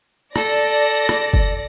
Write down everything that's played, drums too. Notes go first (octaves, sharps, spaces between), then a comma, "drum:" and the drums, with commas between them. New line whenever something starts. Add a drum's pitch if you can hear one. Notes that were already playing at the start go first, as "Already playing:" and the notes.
A4 D5 A#6, drum: rim click
drum: rim click
drum: kick F#1